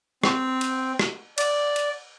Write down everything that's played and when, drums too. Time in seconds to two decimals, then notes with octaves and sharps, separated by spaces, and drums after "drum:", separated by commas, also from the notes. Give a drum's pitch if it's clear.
0.24 C4, drum: rim click
0.61 drum: cymbal
0.99 drum: rim click
1.38 D5, drum: cymbal
1.76 drum: cymbal